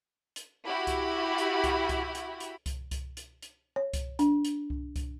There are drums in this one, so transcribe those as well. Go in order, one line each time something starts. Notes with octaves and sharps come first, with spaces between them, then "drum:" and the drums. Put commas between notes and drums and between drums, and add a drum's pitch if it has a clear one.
drum: hi-hat
E4 F#4 G4 B5
drum: kick C2, hi-hat
drum: hi-hat
drum: kick C2, hi-hat
drum: kick C2, hi-hat
drum: hi-hat
drum: hi-hat
drum: kick C2, hi-hat
drum: kick C2, hi-hat
drum: hi-hat
drum: hi-hat
C#5
drum: kick C2, hi-hat
D4, drum: hi-hat
drum: hi-hat
drum: kick C2
drum: kick C2, hi-hat